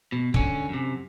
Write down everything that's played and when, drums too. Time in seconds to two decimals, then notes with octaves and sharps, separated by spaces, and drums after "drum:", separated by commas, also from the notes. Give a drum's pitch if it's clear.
0.12 B2
0.34 D3 C#4, drum: kick
0.69 F#2 C3